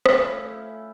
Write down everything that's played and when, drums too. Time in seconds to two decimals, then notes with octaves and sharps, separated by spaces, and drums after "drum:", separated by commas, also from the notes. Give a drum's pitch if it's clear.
0.06 A3 C#4 E4 F4, drum: rim click